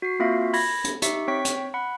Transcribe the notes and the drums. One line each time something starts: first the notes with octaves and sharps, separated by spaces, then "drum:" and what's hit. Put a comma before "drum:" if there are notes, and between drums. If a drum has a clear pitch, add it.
F#4 C7
A#3 C4 F4 F#4 E5 F5
B5 G#6 A#6, drum: open hi-hat
drum: hi-hat
D#4 G4 E5 C#6 C#7, drum: hi-hat
C4 C#5 G5 C#6 B6
drum: hi-hat
F#5 B5